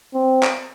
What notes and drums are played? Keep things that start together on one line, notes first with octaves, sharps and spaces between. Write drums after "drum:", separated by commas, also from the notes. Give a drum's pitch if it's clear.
C4
drum: clap